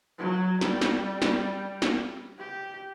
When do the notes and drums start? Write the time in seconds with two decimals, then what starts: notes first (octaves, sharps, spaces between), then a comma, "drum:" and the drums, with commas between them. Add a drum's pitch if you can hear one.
0.18 F#3
0.61 G3, drum: snare
0.81 drum: snare
1.22 drum: snare
1.82 drum: snare
2.39 G4